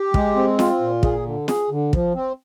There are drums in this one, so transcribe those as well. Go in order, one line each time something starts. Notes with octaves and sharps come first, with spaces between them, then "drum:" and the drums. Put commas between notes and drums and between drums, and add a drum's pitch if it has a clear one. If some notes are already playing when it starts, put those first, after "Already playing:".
Already playing: G4
G#3, drum: kick
C4
F4, drum: snare
A#2
G#4, drum: kick
D3
G#4, drum: snare
D3
F3, drum: kick
C4